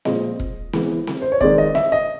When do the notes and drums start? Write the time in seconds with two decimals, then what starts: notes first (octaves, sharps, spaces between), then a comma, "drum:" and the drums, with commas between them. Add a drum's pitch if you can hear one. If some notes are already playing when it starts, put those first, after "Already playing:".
0.05 A#2 F3 G#3 C4 D#5, drum: snare C4
0.39 drum: kick E1
0.73 E3 G#3 B3, drum: snare C4
1.07 drum: snare C4
1.22 C5
1.32 C#5
1.41 D#3 G#3 C4 D5, drum: kick E1
1.58 D#5
1.75 E5, drum: snare C4
1.92 D#5